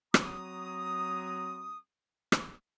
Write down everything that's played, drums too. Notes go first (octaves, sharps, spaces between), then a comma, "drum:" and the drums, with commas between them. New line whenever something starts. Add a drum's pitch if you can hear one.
F#3 C4 F#4 A#5 D#6, drum: rim click
drum: rim click